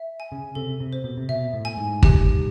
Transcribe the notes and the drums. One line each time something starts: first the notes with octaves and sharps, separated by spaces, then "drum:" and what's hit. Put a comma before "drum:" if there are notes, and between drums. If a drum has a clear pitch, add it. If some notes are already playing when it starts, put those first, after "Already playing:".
Already playing: E5
G#5
C#3
C3 A4
C3
C5
B2
C3
B2 E5
A2
G#5
G#2
G4, drum: kick